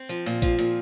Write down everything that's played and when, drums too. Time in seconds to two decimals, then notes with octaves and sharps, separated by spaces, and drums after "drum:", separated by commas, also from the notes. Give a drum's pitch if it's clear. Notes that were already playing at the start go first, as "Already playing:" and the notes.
Already playing: C4
0.09 F3, drum: tambourine
0.26 A#2
0.42 F3, drum: kick A1, tambourine
0.59 A#2